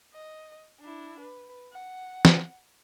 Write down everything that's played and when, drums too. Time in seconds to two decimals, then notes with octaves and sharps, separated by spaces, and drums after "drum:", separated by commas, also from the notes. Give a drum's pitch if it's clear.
0.14 D#5
0.81 D4 E4
1.20 B4
1.72 F#5
2.25 drum: snare